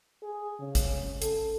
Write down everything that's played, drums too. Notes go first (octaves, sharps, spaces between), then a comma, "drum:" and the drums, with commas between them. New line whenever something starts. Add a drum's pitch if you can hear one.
G#4
C#3
drum: kick, hi-hat
A4, drum: hi-hat